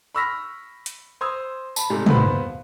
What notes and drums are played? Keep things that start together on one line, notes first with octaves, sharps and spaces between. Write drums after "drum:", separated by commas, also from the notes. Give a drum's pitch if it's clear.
B5 C#6 E6 F6 A#6 B6
drum: hi-hat
C5 C6 D#6 E6 G#6
A5 B5, drum: tambourine
G#2 C3 G3 A3
D#2 B3 B4 C5 B5, drum: tom